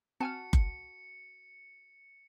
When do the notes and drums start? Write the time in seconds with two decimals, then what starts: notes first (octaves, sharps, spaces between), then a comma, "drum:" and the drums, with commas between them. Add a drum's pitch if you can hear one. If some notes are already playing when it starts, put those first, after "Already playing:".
0.20 C4 F#4 G#5 A5 F6 C#7
0.53 drum: kick F#1